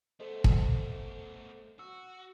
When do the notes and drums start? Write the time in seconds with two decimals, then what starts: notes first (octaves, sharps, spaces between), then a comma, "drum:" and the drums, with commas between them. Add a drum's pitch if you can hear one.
0.20 A3 B3 A4 C5 D#5
0.44 drum: kick
1.79 F#4 E6